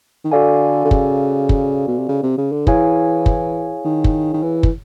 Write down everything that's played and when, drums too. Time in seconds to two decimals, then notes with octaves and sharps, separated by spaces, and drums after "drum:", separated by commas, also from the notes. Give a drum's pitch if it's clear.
0.24 D#3
0.32 D3 F#4 A4 D5 F5 G#5
0.85 D3
0.91 C#3, drum: kick
1.49 drum: kick
1.88 B2
1.98 C3
2.08 C#3
2.23 C3
2.37 C#3
2.52 D3
2.67 E3 E4 G#4 C#5 F5 G#5, drum: kick
3.26 drum: kick
3.85 D#3
4.04 drum: kick
4.34 D#3
4.43 E3
4.63 drum: kick